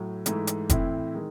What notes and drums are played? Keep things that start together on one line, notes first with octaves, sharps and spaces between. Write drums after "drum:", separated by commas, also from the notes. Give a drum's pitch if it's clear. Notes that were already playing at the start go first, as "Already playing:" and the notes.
Already playing: A2 F#3
G#2 E3 A3, drum: hi-hat
drum: hi-hat
A2 E3 C4 E4, drum: kick F1, hi-hat
D#3 G#3